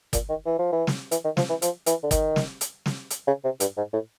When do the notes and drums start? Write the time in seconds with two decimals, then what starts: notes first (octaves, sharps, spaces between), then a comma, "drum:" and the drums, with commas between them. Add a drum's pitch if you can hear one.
0.13 A#2, drum: kick, hi-hat
0.29 D#3
0.46 E3
0.59 F3
0.72 E3
0.87 drum: snare
1.11 E3, drum: hi-hat
1.24 D#3
1.37 F3, drum: snare
1.50 E3
1.62 F3, drum: hi-hat
1.86 E3, drum: hi-hat
2.03 D3
2.11 D#3, drum: kick, hi-hat
2.36 drum: snare
2.61 drum: hi-hat
2.86 drum: snare
3.10 drum: hi-hat
3.27 C#3
3.44 C3
3.60 G2, drum: hi-hat
3.77 G#2
3.93 A2